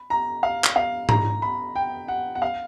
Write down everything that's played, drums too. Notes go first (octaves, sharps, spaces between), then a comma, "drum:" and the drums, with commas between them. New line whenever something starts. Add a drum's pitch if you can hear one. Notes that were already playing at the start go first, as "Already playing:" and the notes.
Already playing: B5
A#5
F5
drum: clap
F5
A#5, drum: tom G#2
B5
G5
F#5
F#5
F5